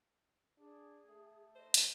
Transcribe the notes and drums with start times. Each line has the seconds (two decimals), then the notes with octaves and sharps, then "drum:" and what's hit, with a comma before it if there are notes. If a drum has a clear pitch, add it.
0.58 D4 G#4
1.07 A3
1.56 C5 D#5
1.74 drum: hi-hat